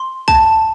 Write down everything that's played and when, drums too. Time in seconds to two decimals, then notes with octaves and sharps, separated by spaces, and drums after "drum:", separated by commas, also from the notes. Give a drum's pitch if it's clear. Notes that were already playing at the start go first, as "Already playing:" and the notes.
Already playing: C6
0.28 A5, drum: kick B1